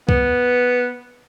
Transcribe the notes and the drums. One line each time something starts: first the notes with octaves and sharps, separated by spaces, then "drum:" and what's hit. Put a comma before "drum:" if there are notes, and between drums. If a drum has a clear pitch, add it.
B3, drum: kick